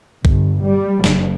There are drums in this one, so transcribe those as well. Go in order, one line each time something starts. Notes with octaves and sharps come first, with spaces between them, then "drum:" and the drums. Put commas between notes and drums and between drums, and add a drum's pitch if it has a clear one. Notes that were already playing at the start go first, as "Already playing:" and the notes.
G1, drum: kick B1
G3
F#1, drum: snare